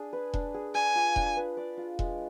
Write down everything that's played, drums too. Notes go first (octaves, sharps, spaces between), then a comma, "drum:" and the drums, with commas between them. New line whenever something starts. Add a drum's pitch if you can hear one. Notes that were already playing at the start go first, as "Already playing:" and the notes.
Already playing: D4 G#4
B4
D4, drum: kick E1
G#4
D5 G#5
F4
D4, drum: kick E1
B4
D5
F4
G#3, drum: kick E1